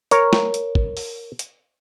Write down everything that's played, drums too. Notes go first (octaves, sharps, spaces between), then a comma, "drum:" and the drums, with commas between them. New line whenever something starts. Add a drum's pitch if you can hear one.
A#4 C#5, drum: hi-hat
drum: snare
drum: hi-hat
drum: kick
drum: open hi-hat
drum: hi-hat